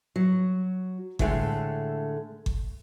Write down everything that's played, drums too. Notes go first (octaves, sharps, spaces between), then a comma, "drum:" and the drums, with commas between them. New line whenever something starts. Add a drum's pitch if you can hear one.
F#3
A2 D3 G#3 A3, drum: kick G1
drum: kick G1